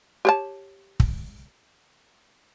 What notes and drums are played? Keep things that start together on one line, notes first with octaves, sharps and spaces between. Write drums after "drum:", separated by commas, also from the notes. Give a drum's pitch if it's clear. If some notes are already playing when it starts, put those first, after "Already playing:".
G4 C#5 A5
drum: kick